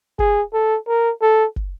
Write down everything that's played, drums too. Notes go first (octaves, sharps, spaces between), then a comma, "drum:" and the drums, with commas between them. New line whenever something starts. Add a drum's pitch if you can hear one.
G#4, drum: kick
A4
A#4
A4
drum: kick